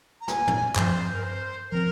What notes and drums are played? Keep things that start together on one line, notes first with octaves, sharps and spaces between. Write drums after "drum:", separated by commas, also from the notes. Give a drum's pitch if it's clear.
A#5
G#5, drum: snare
drum: tom
G2 F3 C4 C5, drum: clap
A#4
C5
F3 C4 A#4